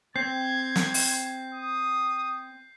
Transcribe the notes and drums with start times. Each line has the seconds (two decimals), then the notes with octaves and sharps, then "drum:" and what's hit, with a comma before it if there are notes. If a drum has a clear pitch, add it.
0.16 C4 G6 G#6 C7
0.76 drum: snare
0.94 drum: open hi-hat
1.55 D#6